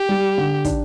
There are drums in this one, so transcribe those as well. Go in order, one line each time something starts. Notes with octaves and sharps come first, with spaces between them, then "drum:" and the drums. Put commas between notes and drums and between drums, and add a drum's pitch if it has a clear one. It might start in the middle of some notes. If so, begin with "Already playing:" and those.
Already playing: G4
G3
D3
D4, drum: kick, hi-hat